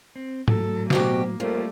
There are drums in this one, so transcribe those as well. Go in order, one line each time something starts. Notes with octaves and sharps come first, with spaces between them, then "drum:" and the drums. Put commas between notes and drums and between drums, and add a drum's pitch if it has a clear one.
C4
A2 F#3 A4, drum: tom G#2
D2 B2 A#3 F#4 G4, drum: snare
F2 G3 A3 A#3 C#4 F4 A#4